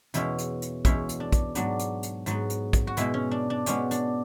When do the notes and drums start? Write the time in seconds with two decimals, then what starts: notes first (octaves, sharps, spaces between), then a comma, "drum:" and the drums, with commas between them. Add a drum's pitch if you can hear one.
0.14 E2 B2 G#3 C#4 E4, drum: hi-hat
0.39 drum: hi-hat
0.62 drum: hi-hat
0.85 E2 B2 G#3 C#4 E4, drum: kick, hi-hat
1.09 drum: hi-hat
1.20 D4
1.32 drum: kick, hi-hat
1.55 G#2 F#3 B3 D4, drum: hi-hat
1.79 drum: hi-hat
2.03 drum: hi-hat
2.26 G#2 F#3 B3, drum: hi-hat
2.50 drum: hi-hat
2.73 drum: kick, hi-hat
2.87 F#4
2.97 B2 G#3 B3 E4, drum: hi-hat
3.14 C#4
3.31 D4
3.50 D4
3.66 B2 G#3 B3 C#4, drum: hi-hat
3.91 D4, drum: hi-hat